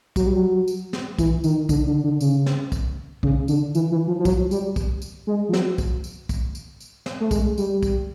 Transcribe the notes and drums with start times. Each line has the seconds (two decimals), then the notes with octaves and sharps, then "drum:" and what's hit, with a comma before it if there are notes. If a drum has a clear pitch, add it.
0.16 F#3, drum: kick, tambourine
0.27 G3
0.36 F#3
0.68 drum: tambourine
0.93 drum: snare
1.18 E3, drum: kick, tambourine
1.44 D#3, drum: tambourine
1.69 D3, drum: kick, tambourine
1.86 D3
2.04 D3
2.21 C#3, drum: tambourine
2.46 drum: snare
2.72 drum: kick, tambourine
3.23 C#3, drum: kick
3.48 D3, drum: tambourine
3.75 E3, drum: tambourine
3.92 E3
4.08 F3
4.19 F3
4.25 F#3, drum: kick, tambourine
4.51 G3, drum: tambourine
4.76 drum: kick, tambourine
5.02 drum: tambourine
5.27 G#3
5.49 F3
5.53 F#3, drum: snare
5.78 drum: kick, tambourine
6.04 drum: tambourine
6.29 drum: kick, tambourine
6.55 drum: tambourine
6.80 drum: tambourine
7.06 drum: snare
7.20 A3
7.31 G#3, drum: kick, tambourine
7.58 G3, drum: tambourine
7.83 drum: kick, tambourine